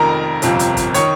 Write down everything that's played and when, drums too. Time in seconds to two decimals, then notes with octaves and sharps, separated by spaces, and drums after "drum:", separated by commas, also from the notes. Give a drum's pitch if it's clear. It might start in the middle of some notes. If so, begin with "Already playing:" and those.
Already playing: F1 F2 D#3 A#4 A#5
0.42 G1 F2 C3 F3, drum: hi-hat
0.59 drum: hi-hat
0.77 drum: kick, hi-hat
0.94 D#3 C#5 C#6, drum: hi-hat